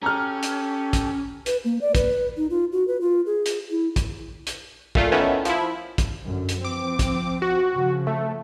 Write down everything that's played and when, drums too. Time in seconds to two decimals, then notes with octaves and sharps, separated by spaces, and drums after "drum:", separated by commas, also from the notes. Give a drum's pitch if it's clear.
0.03 C#4 G4 A4 A#5 F6
0.43 drum: hi-hat
0.93 drum: kick, hi-hat
1.46 B4, drum: hi-hat
1.65 A#3
1.81 D5
1.95 B4, drum: kick, hi-hat
2.37 D#4
2.50 F4
2.72 F#4
2.88 B4
3.01 F4
3.26 G#4
3.46 drum: hi-hat
3.71 E4
3.96 drum: kick, hi-hat
4.47 drum: hi-hat
4.95 A#2 A3 F4, drum: kick
5.12 D#3 E3 A3 B3 C#4
5.45 F3 E4, drum: hi-hat
5.98 drum: kick, hi-hat
6.26 F#2 D3
6.49 drum: hi-hat
6.65 F3 C4 D6
6.99 drum: kick, hi-hat
7.42 F#4
7.75 C#3 F3
8.07 A3